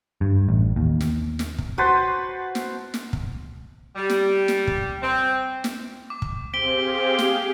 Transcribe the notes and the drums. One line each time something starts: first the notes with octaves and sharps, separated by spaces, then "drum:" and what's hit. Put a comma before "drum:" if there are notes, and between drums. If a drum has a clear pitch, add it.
G2
A1
D#2
drum: snare
drum: snare
drum: kick
F#4 B4 C5 A5
drum: snare
drum: snare
drum: kick
G3
drum: snare
drum: snare
drum: kick
C4
drum: snare
D6
drum: kick
C4 G4 G#4 F5 B6 D7 G7
drum: snare